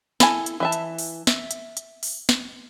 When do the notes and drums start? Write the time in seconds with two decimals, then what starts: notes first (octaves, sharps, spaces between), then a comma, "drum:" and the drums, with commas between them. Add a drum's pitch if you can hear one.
0.20 E4 A4 G#5, drum: snare
0.46 drum: hi-hat
0.60 E3 E5 A5
0.72 drum: hi-hat
0.98 drum: open hi-hat
1.27 E5, drum: snare
1.51 drum: hi-hat
1.77 drum: hi-hat
2.03 drum: open hi-hat
2.29 drum: snare